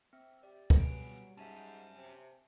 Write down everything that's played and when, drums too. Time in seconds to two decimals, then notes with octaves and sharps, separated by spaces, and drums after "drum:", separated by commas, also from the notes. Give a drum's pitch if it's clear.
0.13 C4 E5
0.43 G4 D5
0.70 drum: kick
0.79 B2 F#3 G3 G#4 B4 D7
1.37 G#2 C#4 F#4 E5 G#5 A5
1.95 C3